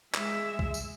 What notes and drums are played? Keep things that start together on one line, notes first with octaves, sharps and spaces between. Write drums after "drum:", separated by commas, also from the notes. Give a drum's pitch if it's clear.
G#3 E5, drum: clap
drum: kick
drum: tambourine